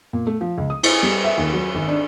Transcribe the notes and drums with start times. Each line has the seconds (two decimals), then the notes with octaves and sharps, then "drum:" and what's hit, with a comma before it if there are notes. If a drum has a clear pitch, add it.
0.13 A#2
0.27 A3
0.41 F3
0.58 C#2
0.70 D#6
0.83 E4, drum: cymbal
1.03 G3
1.24 E5
1.38 D#2
1.53 F#3
1.75 G#1
1.88 D4